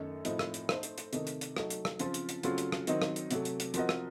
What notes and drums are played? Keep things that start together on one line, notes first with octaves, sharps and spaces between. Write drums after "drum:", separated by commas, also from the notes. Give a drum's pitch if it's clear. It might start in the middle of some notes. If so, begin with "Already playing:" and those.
Already playing: F#2 D#3 A3 D#4 A4
A2 F3 C4 D#4, drum: hi-hat
drum: rim click
drum: hi-hat
A3 D#4 A4 C5, drum: rim click
drum: hi-hat
drum: hi-hat
C3 D#3 A3 D#4, drum: hi-hat
drum: hi-hat
drum: hi-hat
F#3 A3 D#4, drum: rim click
drum: hi-hat
drum: rim click
C#3 F3 C4 F4, drum: hi-hat
drum: hi-hat
drum: hi-hat
C#3 F#3 A3 C4 F4, drum: hi-hat
drum: hi-hat
drum: rim click
D#3 F#3 C4 D#4, drum: hi-hat
drum: rim click
drum: hi-hat
C3 F#3 A3, drum: hi-hat
drum: hi-hat
drum: hi-hat
F3 C4 F#4 A#4 D#5, drum: hi-hat
drum: rim click